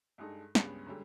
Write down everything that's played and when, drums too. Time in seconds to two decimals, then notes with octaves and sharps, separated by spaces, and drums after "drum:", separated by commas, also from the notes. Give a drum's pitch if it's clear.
0.18 G2 G#3 D#4 A4
0.55 C#2 G2 G3 G#3 B3 C#4, drum: snare
0.86 F#2 D3 G3 G#3